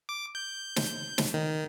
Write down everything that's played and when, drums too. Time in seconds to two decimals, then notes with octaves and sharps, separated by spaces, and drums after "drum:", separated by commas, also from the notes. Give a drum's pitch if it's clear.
0.09 D6
0.35 G6
0.76 drum: snare
1.18 drum: snare
1.34 D#3